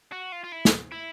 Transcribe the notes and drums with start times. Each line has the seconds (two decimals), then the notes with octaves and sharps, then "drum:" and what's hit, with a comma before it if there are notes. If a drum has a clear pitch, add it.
0.12 F#4
0.32 F4
0.44 F4
0.52 E4
0.65 drum: snare
0.92 E4